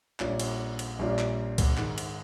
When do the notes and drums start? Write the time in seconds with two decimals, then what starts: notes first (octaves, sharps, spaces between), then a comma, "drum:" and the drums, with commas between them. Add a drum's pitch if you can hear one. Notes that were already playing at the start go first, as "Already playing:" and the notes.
0.20 A#1 A#2 G3 C#4 F4, drum: clap
0.39 drum: cymbal
0.79 drum: cymbal
0.99 A#1 A#2 G3 C#4 F4
1.19 drum: clap
1.58 drum: kick C#2, cymbal
1.77 G#2 D#3 G#3, drum: clap
1.98 drum: cymbal